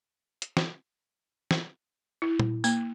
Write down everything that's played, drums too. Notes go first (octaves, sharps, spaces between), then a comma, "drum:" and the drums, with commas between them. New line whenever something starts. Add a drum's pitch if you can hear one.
drum: hi-hat
drum: snare
drum: snare
E4
drum: tom A#2
A#3, drum: tambourine